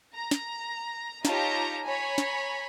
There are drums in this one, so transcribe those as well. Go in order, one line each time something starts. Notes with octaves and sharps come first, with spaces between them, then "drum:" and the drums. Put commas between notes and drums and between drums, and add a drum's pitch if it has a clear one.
A#5
drum: snare
D#4 F4 G4 C#5 A5 A#5, drum: snare
C#5 G#5 A#5 B5
drum: snare